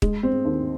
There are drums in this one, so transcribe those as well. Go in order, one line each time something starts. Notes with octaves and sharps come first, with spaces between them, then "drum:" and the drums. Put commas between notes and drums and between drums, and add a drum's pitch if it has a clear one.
G#3, drum: kick
C4
D#2